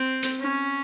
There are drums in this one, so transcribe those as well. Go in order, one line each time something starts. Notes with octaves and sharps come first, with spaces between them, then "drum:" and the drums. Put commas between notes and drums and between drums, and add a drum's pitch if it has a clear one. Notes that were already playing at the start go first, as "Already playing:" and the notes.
Already playing: C4
drum: hi-hat
C#4